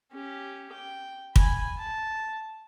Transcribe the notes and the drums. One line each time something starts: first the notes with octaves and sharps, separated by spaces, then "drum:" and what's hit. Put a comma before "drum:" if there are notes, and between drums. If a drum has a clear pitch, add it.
C#4 G4
G5
G#5 B5, drum: kick
A5